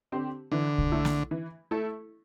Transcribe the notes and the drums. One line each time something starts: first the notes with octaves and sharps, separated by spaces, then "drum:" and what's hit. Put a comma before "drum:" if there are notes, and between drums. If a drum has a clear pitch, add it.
D3 C4 G4 C5
D3 E3
drum: kick
A3 E4 A4
drum: snare
E3
A3 E4 A4